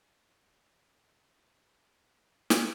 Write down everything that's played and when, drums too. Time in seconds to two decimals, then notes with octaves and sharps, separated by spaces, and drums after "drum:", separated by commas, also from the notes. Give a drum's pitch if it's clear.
0.19 F2 C#5 D5 E6
1.07 G2 E4 B5
2.50 drum: snare